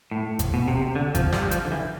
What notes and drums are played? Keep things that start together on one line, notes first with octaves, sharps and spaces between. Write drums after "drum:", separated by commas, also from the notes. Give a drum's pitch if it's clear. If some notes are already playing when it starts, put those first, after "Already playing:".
A2
drum: kick G#1, hi-hat
B2
C3
C3
D3
F3, drum: kick G#1, hi-hat
G3, drum: snare
F3, drum: hi-hat
D3
E3